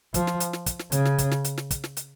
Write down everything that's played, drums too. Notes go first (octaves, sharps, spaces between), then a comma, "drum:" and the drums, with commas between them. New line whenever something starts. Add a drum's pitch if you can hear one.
F3, drum: kick, hi-hat
drum: snare
drum: hi-hat
drum: snare
drum: kick, hi-hat
drum: snare
C#3, drum: hi-hat
drum: snare
drum: kick, hi-hat
drum: snare
drum: hi-hat
drum: snare
drum: kick, hi-hat
drum: snare
drum: hi-hat